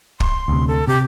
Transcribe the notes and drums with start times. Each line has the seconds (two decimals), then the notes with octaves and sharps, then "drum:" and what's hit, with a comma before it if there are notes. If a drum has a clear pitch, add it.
0.20 C6, drum: kick
0.48 D2 C3
0.68 A4
0.88 C3 G4